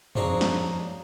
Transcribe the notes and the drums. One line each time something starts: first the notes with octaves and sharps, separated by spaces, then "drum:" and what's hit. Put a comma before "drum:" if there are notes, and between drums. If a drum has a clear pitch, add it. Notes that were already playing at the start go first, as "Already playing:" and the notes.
F3 F#3 C4 D4 D#4 G#4, drum: tom
drum: snare